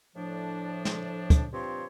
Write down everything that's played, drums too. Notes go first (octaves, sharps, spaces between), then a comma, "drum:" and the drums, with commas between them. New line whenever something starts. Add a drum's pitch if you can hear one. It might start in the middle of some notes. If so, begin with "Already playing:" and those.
A2 F3 D4
drum: snare
drum: kick, hi-hat
G2 F3 C4 G4 C#5 C6